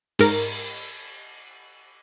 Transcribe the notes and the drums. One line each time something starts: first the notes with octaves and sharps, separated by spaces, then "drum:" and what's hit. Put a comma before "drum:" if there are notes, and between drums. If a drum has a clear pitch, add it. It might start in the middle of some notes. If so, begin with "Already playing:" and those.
G#2 A#4, drum: cymbal